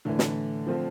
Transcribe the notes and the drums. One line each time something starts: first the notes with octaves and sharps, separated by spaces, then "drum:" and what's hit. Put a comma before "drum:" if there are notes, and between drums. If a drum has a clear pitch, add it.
A2 D3 E3 A3
drum: snare
F3 A3 C4 F4